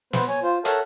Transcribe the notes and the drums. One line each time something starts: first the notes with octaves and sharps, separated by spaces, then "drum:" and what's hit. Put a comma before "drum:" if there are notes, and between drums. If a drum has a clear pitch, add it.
B3 B4 C5, drum: snare
C#5 G#5
F4 C5
A4 A#4 C#5 E5 F#5 A5, drum: hi-hat